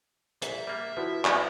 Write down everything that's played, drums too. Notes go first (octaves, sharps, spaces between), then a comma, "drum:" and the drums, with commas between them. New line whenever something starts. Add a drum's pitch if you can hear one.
A#1 G#2 E5, drum: hi-hat
G3 A#3
F3 E4 F#4 B4
drum: clap